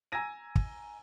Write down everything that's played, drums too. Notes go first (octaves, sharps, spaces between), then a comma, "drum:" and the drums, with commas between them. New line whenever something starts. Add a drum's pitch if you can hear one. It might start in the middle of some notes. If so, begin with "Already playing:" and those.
G#5 A#5 E6 G#6 A#6 D#7
drum: kick